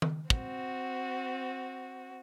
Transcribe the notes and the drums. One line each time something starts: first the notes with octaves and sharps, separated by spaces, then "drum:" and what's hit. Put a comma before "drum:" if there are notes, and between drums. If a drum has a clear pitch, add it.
drum: tom D#3
C4 F#4, drum: kick